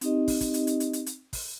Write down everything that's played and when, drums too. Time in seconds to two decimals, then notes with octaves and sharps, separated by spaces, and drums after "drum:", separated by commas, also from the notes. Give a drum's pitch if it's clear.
0.01 C4 D#4 G4 D#5, drum: hi-hat
0.28 drum: kick, open hi-hat
0.41 drum: kick, hi-hat
0.54 drum: hi-hat
0.67 drum: hi-hat
0.80 drum: hi-hat
0.93 drum: hi-hat
1.06 drum: hi-hat
1.33 drum: kick, open hi-hat